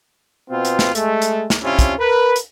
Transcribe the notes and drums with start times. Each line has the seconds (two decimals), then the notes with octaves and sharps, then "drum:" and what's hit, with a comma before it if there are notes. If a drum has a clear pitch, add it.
0.50 B2 B3 C4 F4
0.65 drum: hi-hat
0.79 drum: snare
0.95 G#3 A3, drum: hi-hat
1.22 drum: hi-hat
1.50 drum: snare
1.63 C3 C#4 D4 E4 F4
1.79 drum: kick, hi-hat
1.99 A#4 B4
2.36 drum: hi-hat